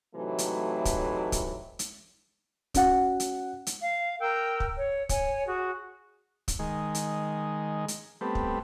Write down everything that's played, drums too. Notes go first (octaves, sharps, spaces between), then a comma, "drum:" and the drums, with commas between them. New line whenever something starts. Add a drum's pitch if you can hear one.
A2 C3 E3 F#3 A3 D#4
drum: hi-hat
drum: kick, hi-hat
drum: kick, hi-hat
drum: hi-hat
C#4 F#4 F#5, drum: kick, hi-hat
drum: hi-hat
drum: hi-hat
F5
A#4 G5 E6
drum: kick
C#5
C#5 G#5, drum: kick, hi-hat
F#4 G#4
drum: kick, hi-hat
D#3 G#3
drum: hi-hat
drum: hi-hat
G3 A3 B3 C4
drum: kick